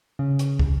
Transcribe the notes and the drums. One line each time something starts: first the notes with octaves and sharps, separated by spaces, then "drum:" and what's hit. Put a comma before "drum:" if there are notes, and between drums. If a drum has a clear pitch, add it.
C#3
drum: hi-hat
drum: kick